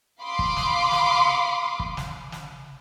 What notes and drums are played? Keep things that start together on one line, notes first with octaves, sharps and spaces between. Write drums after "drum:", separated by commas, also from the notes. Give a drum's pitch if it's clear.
F5 B5 C6 D6 D#6
drum: kick
drum: snare
drum: snare
drum: kick
drum: snare
drum: snare